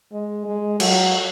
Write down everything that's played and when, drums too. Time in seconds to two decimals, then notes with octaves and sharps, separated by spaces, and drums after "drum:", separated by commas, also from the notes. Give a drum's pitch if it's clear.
0.12 G#3
0.46 G#3
0.80 F#3, drum: cymbal